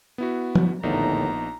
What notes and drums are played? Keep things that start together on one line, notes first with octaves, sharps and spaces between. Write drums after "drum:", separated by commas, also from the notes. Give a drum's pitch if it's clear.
B3 E4 F#4
drum: tom
A#1 D#2 A2 D3 B3 D#4 A#5